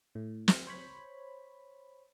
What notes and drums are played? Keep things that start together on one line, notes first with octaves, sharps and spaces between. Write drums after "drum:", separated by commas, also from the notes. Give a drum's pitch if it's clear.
A2
drum: snare
C5 C#5 B5